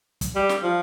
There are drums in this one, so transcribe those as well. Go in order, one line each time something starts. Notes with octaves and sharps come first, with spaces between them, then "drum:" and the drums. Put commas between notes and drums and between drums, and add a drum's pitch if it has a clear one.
drum: kick, hi-hat
G3
drum: snare
F3